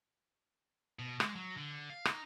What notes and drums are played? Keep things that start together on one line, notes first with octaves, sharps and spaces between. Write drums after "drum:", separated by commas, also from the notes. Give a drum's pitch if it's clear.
B2
G#3, drum: rim click
F#3
D3
F5
D#4, drum: rim click